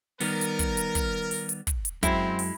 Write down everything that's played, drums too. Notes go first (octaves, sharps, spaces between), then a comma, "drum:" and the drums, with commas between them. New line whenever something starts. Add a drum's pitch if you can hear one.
D#3 G3 B3 A#4, drum: open hi-hat
drum: hi-hat
drum: kick, hi-hat
drum: hi-hat
drum: kick, hi-hat
drum: open hi-hat
drum: hi-hat
drum: kick, hi-hat
drum: hi-hat
F#2 G#3 C4 E4, drum: kick, hi-hat
drum: open hi-hat